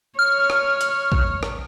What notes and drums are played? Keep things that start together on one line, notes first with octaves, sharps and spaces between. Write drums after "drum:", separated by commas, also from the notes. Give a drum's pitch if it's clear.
C#5 F6
drum: rim click
drum: hi-hat
drum: kick A#1
drum: rim click